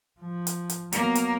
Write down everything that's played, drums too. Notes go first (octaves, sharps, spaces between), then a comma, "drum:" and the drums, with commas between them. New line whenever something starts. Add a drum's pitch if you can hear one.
F3
drum: hi-hat
drum: hi-hat
F#3 A#3 B3, drum: hi-hat
drum: hi-hat